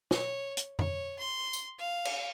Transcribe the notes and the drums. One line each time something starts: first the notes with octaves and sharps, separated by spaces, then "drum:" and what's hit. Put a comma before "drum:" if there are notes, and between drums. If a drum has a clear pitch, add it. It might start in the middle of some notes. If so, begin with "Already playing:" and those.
C#5, drum: snare
drum: hi-hat
C#5, drum: tom F2
C6
drum: tambourine
F5
drum: cymbal